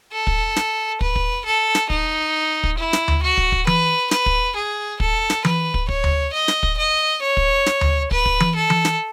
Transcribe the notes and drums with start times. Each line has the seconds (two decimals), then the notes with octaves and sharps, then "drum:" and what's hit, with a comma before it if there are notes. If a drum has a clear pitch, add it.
0.12 A4
0.27 drum: kick
0.56 drum: snare
1.01 B4, drum: kick
1.16 drum: kick
1.45 A4
1.75 drum: snare
1.90 D#4, drum: kick
2.63 drum: kick
2.78 E4
2.93 drum: snare
3.08 drum: tom D2
3.23 F#4
3.37 drum: kick
3.52 drum: kick
3.67 B4, drum: tom E3
4.11 B4, drum: snare
4.26 drum: kick
4.56 G#4
5.00 A4, drum: kick
5.30 drum: snare
5.45 B4, drum: tom E3
5.74 drum: kick
5.89 C#5, drum: kick
6.04 drum: tom D2
6.33 D#5
6.48 drum: snare
6.63 drum: kick
6.78 D#5
7.22 C#5
7.37 drum: kick
7.66 drum: snare
7.81 drum: tom D2
8.11 B4, drum: kick
8.26 drum: kick
8.40 drum: tom E3
8.55 A4
8.70 drum: tom E3
8.85 drum: snare